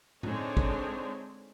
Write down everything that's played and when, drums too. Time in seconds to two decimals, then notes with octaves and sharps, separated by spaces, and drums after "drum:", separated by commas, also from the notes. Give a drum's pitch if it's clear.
0.23 D3 G#3 C4 D4 D#4 C#5, drum: tom A2
0.57 drum: kick